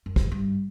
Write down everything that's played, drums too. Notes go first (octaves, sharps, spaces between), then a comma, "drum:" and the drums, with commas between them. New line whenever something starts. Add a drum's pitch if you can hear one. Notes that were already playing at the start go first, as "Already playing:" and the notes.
F#2
drum: kick
G2